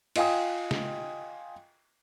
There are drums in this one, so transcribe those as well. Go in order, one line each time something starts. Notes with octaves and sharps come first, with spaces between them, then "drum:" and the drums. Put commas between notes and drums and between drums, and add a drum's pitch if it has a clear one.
F4 D#5 F5 G5 G#5 D#6, drum: cymbal
drum: snare